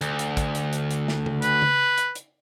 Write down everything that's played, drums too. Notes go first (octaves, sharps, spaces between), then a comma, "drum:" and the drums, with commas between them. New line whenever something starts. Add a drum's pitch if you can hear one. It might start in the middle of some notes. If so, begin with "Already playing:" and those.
D2, drum: hi-hat
drum: hi-hat
drum: kick, hi-hat
drum: hi-hat
drum: hi-hat
drum: hi-hat
drum: snare
drum: tom C#3
B4, drum: hi-hat
drum: tom C#3
drum: hi-hat
drum: hi-hat